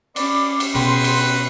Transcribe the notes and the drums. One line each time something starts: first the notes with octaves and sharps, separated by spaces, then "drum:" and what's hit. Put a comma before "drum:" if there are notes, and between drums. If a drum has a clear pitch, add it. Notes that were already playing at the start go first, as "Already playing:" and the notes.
C#4 D5 B5 D6, drum: cymbal
drum: cymbal
B2 F#4 G#4 B4 G5 C6
drum: cymbal